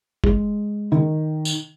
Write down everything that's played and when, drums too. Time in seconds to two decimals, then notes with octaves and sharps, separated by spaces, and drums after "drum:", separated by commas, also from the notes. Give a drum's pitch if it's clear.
0.24 G#3, drum: kick F#1
0.92 D#3
1.45 drum: tambourine